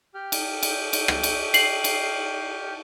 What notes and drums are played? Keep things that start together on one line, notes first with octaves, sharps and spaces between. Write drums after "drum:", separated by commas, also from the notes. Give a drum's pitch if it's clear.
G4 G5 F6
drum: cymbal
drum: cymbal
drum: cymbal
drum: rim click
drum: cymbal
C7 F#7, drum: cymbal
drum: cymbal